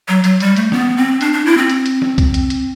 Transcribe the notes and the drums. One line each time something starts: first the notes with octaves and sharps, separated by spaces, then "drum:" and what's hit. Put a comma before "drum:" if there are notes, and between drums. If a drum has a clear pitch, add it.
F#3
F#3, drum: hi-hat
G3, drum: hi-hat
A3, drum: hi-hat
B3, drum: snare
C4
D4, drum: hi-hat
D4
E4
C4
drum: hi-hat
drum: hi-hat
drum: snare
drum: kick C2, hi-hat
drum: hi-hat
drum: hi-hat